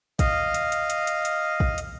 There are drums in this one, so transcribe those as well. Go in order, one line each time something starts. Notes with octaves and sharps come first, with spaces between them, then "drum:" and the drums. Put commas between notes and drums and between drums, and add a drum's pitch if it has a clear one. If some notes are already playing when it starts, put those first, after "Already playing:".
D#5 F5, drum: kick, hi-hat
drum: hi-hat
drum: hi-hat
drum: hi-hat
drum: hi-hat
drum: hi-hat
drum: kick
drum: hi-hat